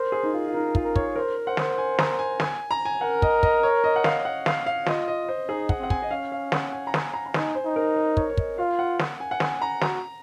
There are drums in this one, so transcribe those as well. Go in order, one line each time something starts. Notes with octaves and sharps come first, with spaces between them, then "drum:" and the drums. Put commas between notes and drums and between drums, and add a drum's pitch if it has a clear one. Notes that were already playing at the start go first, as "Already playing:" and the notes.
Already playing: A#4 C5
G#4
D#4
F4
F4
D#4 A#4
F4, drum: kick
A#4
C#5, drum: kick
A#4 C5
C5 F#5
drum: snare
G#5
A#5, drum: snare
G#5
G#5, drum: snare
A#5
G#5
A#4 F#5
D#5, drum: kick
D#5, drum: kick
C#5
D#5
F#5
F5, drum: snare
F#5
F5, drum: snare
F5
F4 D#5, drum: snare
D#5
C5
D#4 G#4
F#5, drum: kick
C4 F#5
G#5, drum: kick
D#5
C#4 F5
F5
F#5, drum: snare
G#5
A#5
G#5, drum: snare
A#5
A#5
D#4 G#5, drum: snare
C5
D#4
A#4
C5
C#5, drum: kick
C#5
D#5, drum: kick
F4 F5
F#5
drum: snare
G#5
F#5
G#5, drum: snare
A#5
F#4 A#5, drum: snare